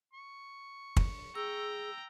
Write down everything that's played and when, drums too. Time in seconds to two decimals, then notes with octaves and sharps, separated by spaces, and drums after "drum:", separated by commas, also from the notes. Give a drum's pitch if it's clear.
0.13 C#6
0.97 drum: kick
1.35 G#4 G5 A#5 E6